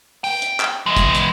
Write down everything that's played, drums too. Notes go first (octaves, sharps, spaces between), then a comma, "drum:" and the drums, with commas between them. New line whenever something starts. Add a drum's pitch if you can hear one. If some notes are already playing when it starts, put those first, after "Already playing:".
G5, drum: open hi-hat
drum: hi-hat
drum: clap
E3 G#3
drum: kick, hi-hat
drum: hi-hat